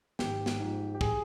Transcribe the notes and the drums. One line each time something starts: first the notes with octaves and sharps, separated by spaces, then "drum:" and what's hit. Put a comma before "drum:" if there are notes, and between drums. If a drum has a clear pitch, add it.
G#1 G4, drum: snare
drum: snare
G#2 F3
G4
G#4, drum: kick